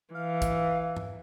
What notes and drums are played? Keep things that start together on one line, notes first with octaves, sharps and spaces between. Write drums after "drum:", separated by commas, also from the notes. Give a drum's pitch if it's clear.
E3 F5
drum: kick, hi-hat
drum: tom G2